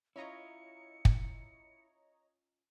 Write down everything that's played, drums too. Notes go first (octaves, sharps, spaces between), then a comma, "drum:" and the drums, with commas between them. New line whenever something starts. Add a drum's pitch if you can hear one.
C#4 E4 F4 C#5 D#5 A#5 C#7
drum: kick